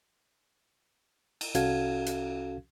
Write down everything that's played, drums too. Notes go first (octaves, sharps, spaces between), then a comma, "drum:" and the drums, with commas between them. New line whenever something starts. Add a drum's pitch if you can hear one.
drum: cymbal
C2 C#4 F#4 A4 F5 G#6, drum: hi-hat
drum: hi-hat